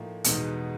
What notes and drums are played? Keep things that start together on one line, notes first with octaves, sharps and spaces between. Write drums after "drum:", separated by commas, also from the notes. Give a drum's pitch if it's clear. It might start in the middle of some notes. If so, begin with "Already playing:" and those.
Already playing: A2 F3 A#3 D#4
E2 B2 G#3 B3 D#4, drum: hi-hat